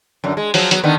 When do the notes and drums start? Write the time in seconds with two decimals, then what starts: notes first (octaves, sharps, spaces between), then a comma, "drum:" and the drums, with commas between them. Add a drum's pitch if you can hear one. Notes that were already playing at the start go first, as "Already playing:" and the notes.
0.24 F#2 D3
0.37 G#3
0.54 F3 F#3, drum: open hi-hat
0.71 F#3 B3, drum: hi-hat
0.83 D3 D#3 B3